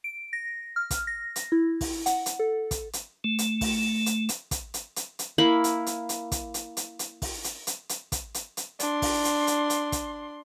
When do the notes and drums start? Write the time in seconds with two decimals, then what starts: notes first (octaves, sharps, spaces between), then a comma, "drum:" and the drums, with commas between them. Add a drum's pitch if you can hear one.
0.04 D7
0.33 A#6
0.76 F6
0.91 drum: kick, hi-hat
1.07 A#6
1.36 drum: hi-hat
1.52 E4
1.81 drum: kick, open hi-hat
2.06 F#5, drum: hi-hat
2.26 drum: hi-hat
2.39 A4
2.71 drum: kick, hi-hat
2.93 drum: hi-hat
3.24 A3
3.38 drum: hi-hat
3.61 drum: kick, open hi-hat
4.06 drum: hi-hat
4.29 drum: hi-hat
4.51 drum: kick, hi-hat
4.74 drum: hi-hat
4.96 drum: hi-hat
5.19 drum: hi-hat
5.38 A#3 E4 B5
5.64 drum: hi-hat
5.86 drum: hi-hat
6.09 drum: hi-hat
6.32 drum: kick, hi-hat
6.54 drum: hi-hat
6.77 drum: hi-hat
6.99 drum: hi-hat
7.22 drum: kick, open hi-hat
7.44 drum: hi-hat
7.67 drum: hi-hat
7.89 drum: hi-hat
8.12 drum: kick, hi-hat
8.34 drum: hi-hat
8.57 drum: hi-hat
8.80 D4 C6, drum: hi-hat
9.02 drum: kick, open hi-hat
9.25 drum: hi-hat
9.47 drum: hi-hat
9.70 drum: hi-hat
9.92 drum: kick, hi-hat